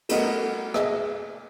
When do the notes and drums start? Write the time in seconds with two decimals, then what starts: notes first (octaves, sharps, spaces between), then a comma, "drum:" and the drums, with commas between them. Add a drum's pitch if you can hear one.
0.09 A3 B3 F#4 A#4 D#5 F#5, drum: cymbal
0.74 G#4 D#5 E5, drum: rim click